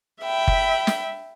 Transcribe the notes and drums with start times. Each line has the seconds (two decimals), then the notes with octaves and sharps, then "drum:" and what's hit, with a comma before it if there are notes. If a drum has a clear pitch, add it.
0.21 E5 G5 B5
0.48 drum: kick F#1
0.87 drum: snare